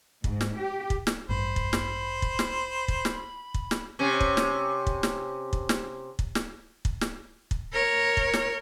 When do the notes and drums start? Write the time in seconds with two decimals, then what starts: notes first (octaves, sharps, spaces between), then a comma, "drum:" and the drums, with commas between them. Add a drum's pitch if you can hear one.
0.24 G#2, drum: kick
0.41 drum: snare
0.59 G4
0.90 drum: kick
1.07 drum: snare
1.29 A1 G2 C5 B5
1.56 drum: kick
1.73 drum: snare
2.22 drum: kick
2.39 drum: snare
2.88 drum: kick
3.05 drum: snare
3.54 drum: kick
3.71 drum: snare
3.99 C3 C#4
4.21 drum: kick
4.37 drum: snare
4.87 drum: kick
5.03 drum: snare
5.53 drum: kick
5.69 drum: snare
6.19 drum: kick
6.35 drum: snare
6.85 drum: kick
7.01 drum: snare
7.51 drum: kick
7.73 A#4 C#5
8.17 drum: kick
8.34 drum: snare